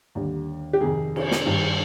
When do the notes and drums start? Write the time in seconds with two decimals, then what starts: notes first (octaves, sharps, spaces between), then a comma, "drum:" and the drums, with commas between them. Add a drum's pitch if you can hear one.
0.15 D#2 D3 G3
0.73 G4
0.80 F2 C3 D#3 G#4
1.16 drum: cymbal
1.31 drum: snare
1.46 G2 D#3 G3